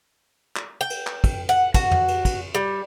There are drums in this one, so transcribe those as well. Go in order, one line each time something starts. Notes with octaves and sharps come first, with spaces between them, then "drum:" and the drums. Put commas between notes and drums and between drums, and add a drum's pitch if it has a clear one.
drum: clap
G5
drum: cymbal
drum: clap
drum: kick, cymbal
F#5
F#4, drum: kick, cymbal
drum: tom
drum: cymbal
drum: kick, cymbal
G3